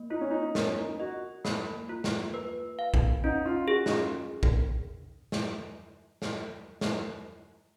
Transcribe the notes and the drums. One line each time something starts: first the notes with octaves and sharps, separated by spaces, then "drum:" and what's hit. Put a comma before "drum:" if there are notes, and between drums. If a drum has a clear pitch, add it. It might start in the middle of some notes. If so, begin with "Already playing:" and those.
Already playing: A#3
D#4 F4
C#4
D#4
C#4 A#4, drum: snare
D#4
F#4 D#5
A#3, drum: snare
F4
drum: snare
B4
F5
drum: kick
C#4 D#4
F4
F#4 G#4
D#4, drum: snare
F4
drum: kick
drum: snare
drum: snare
drum: snare